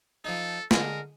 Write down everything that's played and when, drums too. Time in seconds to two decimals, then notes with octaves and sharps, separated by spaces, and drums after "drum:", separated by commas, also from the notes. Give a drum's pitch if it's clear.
0.25 F3 D#4 A4
0.71 D3 G#3 A#4, drum: snare